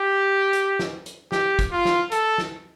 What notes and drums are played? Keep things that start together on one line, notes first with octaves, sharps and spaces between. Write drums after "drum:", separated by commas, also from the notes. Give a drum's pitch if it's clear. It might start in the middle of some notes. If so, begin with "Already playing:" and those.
Already playing: G4
drum: hi-hat
drum: snare
drum: hi-hat
G4, drum: snare
drum: kick, hi-hat
F4
drum: snare
A4, drum: hi-hat
drum: snare